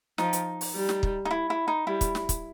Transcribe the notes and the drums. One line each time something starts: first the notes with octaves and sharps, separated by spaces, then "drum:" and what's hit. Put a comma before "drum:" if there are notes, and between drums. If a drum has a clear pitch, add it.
F3 D#4, drum: snare
drum: hi-hat
drum: open hi-hat
G3
drum: snare
drum: kick
D#4
E4
E4
D#4
G3 E4
drum: kick, hi-hat
drum: snare
drum: kick, hi-hat